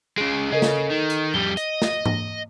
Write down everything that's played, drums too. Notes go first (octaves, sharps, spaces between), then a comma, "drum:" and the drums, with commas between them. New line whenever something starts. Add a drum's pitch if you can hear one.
C#3 G#3 D7
C#3 A4 A#4 D#5
drum: snare
D#3
drum: hi-hat
F2 G3 G7
D#5, drum: hi-hat
drum: snare
drum: tom G#2